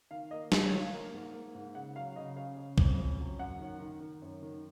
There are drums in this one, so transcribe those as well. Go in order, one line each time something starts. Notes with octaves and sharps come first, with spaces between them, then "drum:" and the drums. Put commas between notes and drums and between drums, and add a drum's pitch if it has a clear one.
D#3 F5
A#3 D#5
D#3 D#5, drum: snare
C#5
A#3
F5
A#3
G#2
A#3
G#2
C#3 F#5
F#3 F5
C#3 D#5
C#4 F5
C#3
F2, drum: kick
C#4
F#3
F#2 F#5
D#3
D#3
D#3
F#2
D#3